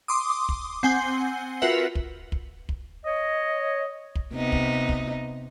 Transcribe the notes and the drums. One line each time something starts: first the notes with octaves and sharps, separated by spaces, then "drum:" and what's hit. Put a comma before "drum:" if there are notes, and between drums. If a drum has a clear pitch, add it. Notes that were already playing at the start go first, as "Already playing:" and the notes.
C6 D6 D#6
drum: kick
C4 F#5 G#5 G7
F4 F#4 A#4 B4 E5 F#5
drum: kick
drum: kick
drum: kick
C#5 D#5
drum: kick
C3 B3 D#4
drum: kick
drum: kick